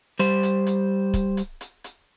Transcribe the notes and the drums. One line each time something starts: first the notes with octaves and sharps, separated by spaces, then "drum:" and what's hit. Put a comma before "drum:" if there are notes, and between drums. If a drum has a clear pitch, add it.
G3 C5, drum: hi-hat
drum: hi-hat
drum: hi-hat
drum: kick, hi-hat
drum: hi-hat
drum: hi-hat
drum: hi-hat